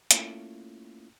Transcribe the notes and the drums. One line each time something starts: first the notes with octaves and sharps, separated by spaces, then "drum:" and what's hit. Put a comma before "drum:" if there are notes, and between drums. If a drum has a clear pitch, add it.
A3 A#3 C#4 E4 F4, drum: hi-hat